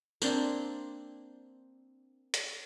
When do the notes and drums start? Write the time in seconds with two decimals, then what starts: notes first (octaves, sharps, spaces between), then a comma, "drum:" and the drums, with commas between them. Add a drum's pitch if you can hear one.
0.22 A#3 C4 D4, drum: tambourine
2.34 drum: hi-hat